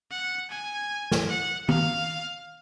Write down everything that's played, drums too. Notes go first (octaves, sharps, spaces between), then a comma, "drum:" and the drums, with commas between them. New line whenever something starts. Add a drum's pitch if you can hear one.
F#5
G#5
drum: snare
F#5
F5, drum: tom